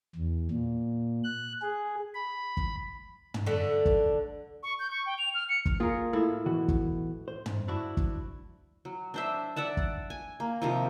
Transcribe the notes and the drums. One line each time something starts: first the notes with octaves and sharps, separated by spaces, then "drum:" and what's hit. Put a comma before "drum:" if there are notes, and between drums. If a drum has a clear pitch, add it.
E2
A#2
F#6
G#4
B5
drum: kick
drum: tom
D3 A3 D4 B4
drum: kick
C#6
G6
C#6
G5
F7
F6
C#7
drum: kick
A#3 F4 G#4 A#4
A2 E4
B2 E3 F#4
drum: kick
C5
drum: tom
D4 E4 F#4
drum: kick
F#3
D4 C5 E5
D5 E5 F#5 A5
drum: kick
G#5
A#3
C3 D#3 F3